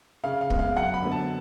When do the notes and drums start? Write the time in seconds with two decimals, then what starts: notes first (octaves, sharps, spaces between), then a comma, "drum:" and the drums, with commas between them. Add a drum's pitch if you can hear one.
0.24 C#3 F5
0.41 F5
0.50 G#3 B3, drum: kick
0.59 F5
0.76 F#2 F#5
0.94 B5
1.02 D3 F#3 B3
1.12 A5